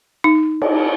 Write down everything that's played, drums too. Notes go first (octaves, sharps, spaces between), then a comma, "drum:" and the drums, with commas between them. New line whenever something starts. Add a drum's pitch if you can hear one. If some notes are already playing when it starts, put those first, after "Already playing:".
D#4
drum: cymbal